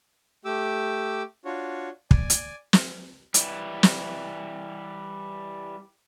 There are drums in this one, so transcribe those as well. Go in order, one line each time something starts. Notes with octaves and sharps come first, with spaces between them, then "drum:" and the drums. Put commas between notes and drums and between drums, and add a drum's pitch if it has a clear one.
A3 G4 D6 E6
D4 F4 F#4 C#5
D5 G#5, drum: kick
drum: hi-hat
drum: snare
E3 G3, drum: hi-hat
drum: snare